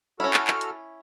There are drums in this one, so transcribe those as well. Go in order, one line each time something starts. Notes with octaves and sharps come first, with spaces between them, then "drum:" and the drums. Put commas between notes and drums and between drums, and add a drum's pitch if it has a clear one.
C#4 E4 F#4 A4 F6
drum: clap
drum: clap
drum: hi-hat